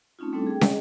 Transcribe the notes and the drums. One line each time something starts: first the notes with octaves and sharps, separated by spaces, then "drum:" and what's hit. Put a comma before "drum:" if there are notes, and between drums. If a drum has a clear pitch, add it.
A3 C4 C#4 D#4 F4
G3 A3 C4 D4 E4 A4
G#4 G5
G#4 D#5, drum: snare